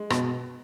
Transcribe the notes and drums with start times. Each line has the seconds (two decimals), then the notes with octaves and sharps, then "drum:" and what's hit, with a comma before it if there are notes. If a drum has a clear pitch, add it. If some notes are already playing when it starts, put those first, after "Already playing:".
Already playing: G#3
0.10 B2, drum: rim click